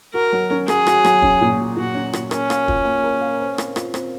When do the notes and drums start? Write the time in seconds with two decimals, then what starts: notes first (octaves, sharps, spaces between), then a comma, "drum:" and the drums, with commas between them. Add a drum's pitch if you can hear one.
0.14 F#4 A#4
0.33 F#3
0.51 C#4
0.68 F#3 G#4, drum: rim click
0.87 F#4, drum: rim click
1.05 F#3, drum: rim click
1.22 C#4, drum: kick
1.41 A#2
1.59 F#3
1.76 A#2 F#4
1.95 C#4
2.13 A#2, drum: rim click
2.31 C#4 A#4, drum: rim click
2.50 F5, drum: rim click
2.68 F4, drum: kick
2.85 A#3
3.04 A#4
3.21 F5
3.39 C5
3.58 C4, drum: rim click
3.76 F4, drum: rim click
3.94 C4, drum: rim click